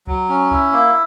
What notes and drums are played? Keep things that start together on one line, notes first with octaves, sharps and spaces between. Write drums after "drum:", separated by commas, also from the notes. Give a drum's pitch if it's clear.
F#3, drum: kick C#2
C#4
E4, drum: kick C#2
A#3